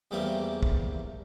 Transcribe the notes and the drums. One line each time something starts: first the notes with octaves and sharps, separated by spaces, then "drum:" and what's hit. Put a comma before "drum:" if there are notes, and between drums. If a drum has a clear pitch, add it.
E2 G2 C3 G3 A3 A#3
drum: kick